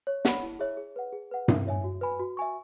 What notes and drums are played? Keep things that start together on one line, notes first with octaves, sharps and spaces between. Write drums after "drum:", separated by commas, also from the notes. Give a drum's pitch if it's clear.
C#5
F#5 B5, drum: snare
E4
G#4 C#5 E5
G#4
B4 F#5
G#4
B4 F#5
E4, drum: tom G2
C#5 E5 G#5
F#4
B4 G#5 B5
F#4
E5 G#5 C#6